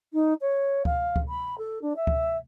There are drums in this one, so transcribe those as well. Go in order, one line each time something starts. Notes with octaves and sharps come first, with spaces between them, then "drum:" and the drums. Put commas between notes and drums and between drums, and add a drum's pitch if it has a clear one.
D#4
C#5
F5, drum: kick C#2
drum: kick C#2
B5
A4
D4
E5
drum: kick C#2